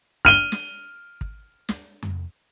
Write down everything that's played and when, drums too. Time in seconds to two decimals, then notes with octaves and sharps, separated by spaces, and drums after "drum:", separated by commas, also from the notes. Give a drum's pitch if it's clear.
0.25 F6 D#7 G7, drum: kick
0.52 drum: snare
1.21 drum: kick
1.69 drum: snare
2.03 drum: tom F2